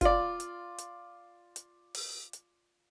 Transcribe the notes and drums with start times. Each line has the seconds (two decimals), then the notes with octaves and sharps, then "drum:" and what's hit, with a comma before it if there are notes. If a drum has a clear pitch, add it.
0.01 F4 D5, drum: kick, hi-hat
0.40 drum: hi-hat
0.78 drum: hi-hat
1.56 drum: hi-hat
1.94 drum: open hi-hat
2.33 drum: hi-hat